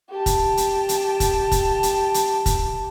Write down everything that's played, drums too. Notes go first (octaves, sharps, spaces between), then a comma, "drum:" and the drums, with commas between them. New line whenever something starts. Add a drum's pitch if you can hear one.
G4 A5
drum: kick, hi-hat
drum: hi-hat
drum: hi-hat
drum: kick, hi-hat
drum: kick, hi-hat
drum: hi-hat
drum: hi-hat
drum: kick, hi-hat